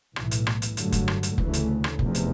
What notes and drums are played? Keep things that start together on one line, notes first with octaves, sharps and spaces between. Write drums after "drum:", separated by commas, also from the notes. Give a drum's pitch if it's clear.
B1 A2 E3, drum: rim click
drum: hi-hat
drum: rim click
drum: hi-hat
G2 D3 F#3 A3, drum: hi-hat
drum: kick, hi-hat
drum: rim click
drum: hi-hat
D2 C#3 E3 A3, drum: kick
drum: hi-hat
drum: rim click
F1 E2 C3, drum: kick
drum: hi-hat